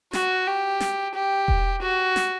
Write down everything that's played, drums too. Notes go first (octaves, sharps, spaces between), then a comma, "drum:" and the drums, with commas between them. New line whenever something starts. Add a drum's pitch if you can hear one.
F#4, drum: snare
G4
drum: snare
G4
drum: kick E1
F#4
drum: snare